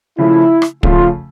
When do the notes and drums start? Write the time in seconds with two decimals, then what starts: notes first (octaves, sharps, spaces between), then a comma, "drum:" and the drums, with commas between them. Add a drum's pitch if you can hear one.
0.18 C#3 F3 A3 E4
0.62 drum: rim click
0.83 C#3 F3 A3 F4, drum: kick